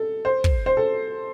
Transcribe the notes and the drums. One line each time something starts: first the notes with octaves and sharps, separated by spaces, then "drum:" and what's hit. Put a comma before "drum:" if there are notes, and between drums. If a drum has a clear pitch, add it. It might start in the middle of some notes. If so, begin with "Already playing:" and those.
Already playing: A4
C5
drum: kick
C5
A4